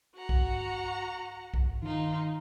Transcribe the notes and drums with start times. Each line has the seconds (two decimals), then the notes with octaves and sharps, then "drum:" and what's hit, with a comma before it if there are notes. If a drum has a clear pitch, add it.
0.15 F#4 F#5 A#5
0.29 drum: kick B1
1.54 drum: kick B1
1.82 D#3 D#4 F4